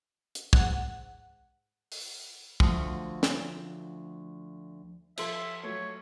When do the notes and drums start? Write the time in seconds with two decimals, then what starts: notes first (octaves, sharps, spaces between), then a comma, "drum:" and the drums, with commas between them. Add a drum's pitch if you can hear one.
0.35 drum: hi-hat
0.53 G#2 F#5, drum: kick
1.92 drum: open hi-hat
2.60 D2 F3 A3 F#5 D#6, drum: kick
3.23 drum: snare
5.17 F3 A4 E5 C6, drum: cymbal
5.63 F#3 A3 C#5